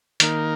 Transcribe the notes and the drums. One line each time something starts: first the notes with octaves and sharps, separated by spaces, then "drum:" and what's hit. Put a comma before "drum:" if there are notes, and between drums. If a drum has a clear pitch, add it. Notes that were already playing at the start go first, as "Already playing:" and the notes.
D#3 A#3 D#4 A#4, drum: hi-hat